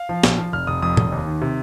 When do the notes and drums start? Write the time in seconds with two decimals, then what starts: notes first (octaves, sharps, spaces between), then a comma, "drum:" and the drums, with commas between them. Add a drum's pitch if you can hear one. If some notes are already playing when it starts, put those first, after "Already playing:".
Already playing: F5
0.09 F3
0.23 A#1, drum: snare
0.38 F3
0.53 F1 F6
0.67 F1 D#6
0.82 F2 D#6
0.97 F1, drum: tom
1.12 D#2
1.27 D#3
1.42 C3